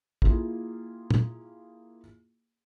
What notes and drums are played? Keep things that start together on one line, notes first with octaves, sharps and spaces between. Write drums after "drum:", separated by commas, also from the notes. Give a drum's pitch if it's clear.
A#3 E4 F4 G4 G#4, drum: kick
drum: tom